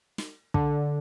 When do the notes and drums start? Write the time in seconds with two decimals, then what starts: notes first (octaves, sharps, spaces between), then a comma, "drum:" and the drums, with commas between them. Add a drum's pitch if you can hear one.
0.18 drum: snare
0.54 D3, drum: kick